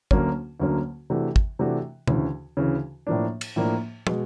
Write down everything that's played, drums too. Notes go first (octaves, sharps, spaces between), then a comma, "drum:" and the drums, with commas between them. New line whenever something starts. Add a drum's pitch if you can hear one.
D2 D3 F#3 A#3 C#4, drum: kick
D2 D3 F#3 A#3 C#4
C3 E3 A3 D4 F#4
drum: kick
C3 E3 A3 D4 F#4
D2 C#3 E3, drum: tom B2
D2 C#3 E3
A2 F3 A#3 D4
drum: cymbal
A2 F3 A#3 D4
B2 G#3, drum: tom